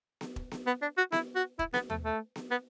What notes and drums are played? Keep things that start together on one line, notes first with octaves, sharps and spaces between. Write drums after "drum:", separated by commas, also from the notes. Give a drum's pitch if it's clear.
drum: snare B3
drum: kick E1
drum: snare B3
B3
D4
F#4
E4, drum: snare B3
F#4
E4, drum: kick E1
B3, drum: snare B3
A3, drum: tom D#2
A3
drum: snare B3
B3